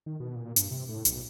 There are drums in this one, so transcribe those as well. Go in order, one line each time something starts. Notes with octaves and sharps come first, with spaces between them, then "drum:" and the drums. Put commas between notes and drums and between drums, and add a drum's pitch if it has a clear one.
D#3
B2
A#2
G2, drum: hi-hat
C3
A2
B1, drum: hi-hat